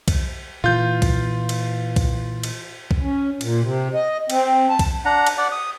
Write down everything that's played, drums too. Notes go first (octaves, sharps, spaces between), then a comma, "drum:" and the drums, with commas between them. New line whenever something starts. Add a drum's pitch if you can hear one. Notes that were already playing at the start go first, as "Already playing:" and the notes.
drum: kick B1, cymbal
A#2 E3 F4 G6
drum: kick B1, cymbal
drum: cymbal
drum: kick B1, cymbal
drum: cymbal
drum: kick B1
C#4
A#2, drum: cymbal
C3
D#5
C4, drum: cymbal
A5
drum: kick B1, cymbal
D4 F#5 A#5
drum: cymbal
D5 F#5
D#6